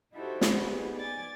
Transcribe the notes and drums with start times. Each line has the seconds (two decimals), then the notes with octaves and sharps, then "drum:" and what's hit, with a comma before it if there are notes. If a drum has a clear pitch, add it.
0.14 D#4 E4 F#4 G4 A4 C5
0.41 drum: snare
0.64 B3 D#4 G4 G#4
0.98 D5 G#5 A6